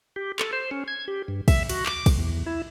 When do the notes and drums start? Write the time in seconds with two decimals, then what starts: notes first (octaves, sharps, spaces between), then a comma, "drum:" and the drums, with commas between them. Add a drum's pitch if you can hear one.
0.16 G4
0.39 A4, drum: clap
0.53 C5
0.71 C#4
0.88 G#6
1.08 G4
1.28 G2
1.48 E5, drum: kick, cymbal
1.69 F#4, drum: cymbal
1.86 D6, drum: clap
2.06 drum: kick, cymbal
2.18 E2
2.46 E4